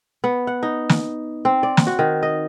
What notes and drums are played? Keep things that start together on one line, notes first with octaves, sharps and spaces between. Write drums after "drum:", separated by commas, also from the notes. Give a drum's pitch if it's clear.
B3
F#5
D#4
drum: snare
C4
D5
drum: snare
F#4
D#3
D#5